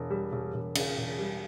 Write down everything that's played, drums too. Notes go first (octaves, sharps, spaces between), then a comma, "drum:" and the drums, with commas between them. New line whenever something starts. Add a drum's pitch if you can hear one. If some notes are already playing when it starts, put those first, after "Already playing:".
Already playing: E1
G3
E1
E1
C#3, drum: cymbal
E1
G3